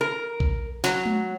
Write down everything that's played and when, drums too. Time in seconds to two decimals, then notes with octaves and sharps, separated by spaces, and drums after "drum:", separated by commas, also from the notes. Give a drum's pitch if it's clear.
0.01 A#4
0.40 drum: kick A#1
0.84 F#3, drum: snare
1.06 drum: tom G#3